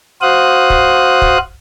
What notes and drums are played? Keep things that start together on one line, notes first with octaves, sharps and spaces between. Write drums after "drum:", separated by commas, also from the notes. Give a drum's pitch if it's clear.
F#4 C5 F5 D#6 F#6
drum: kick
drum: kick